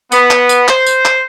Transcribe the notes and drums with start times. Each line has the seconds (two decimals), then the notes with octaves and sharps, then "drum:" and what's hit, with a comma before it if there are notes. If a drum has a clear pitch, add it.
0.12 B3, drum: tambourine
0.31 drum: clap
0.49 drum: tambourine
0.68 C5, drum: clap
0.87 drum: tambourine
1.05 drum: clap